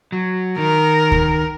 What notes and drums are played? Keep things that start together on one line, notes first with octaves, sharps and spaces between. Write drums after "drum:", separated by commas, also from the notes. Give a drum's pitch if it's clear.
F#3
D#3 A#4
drum: kick D2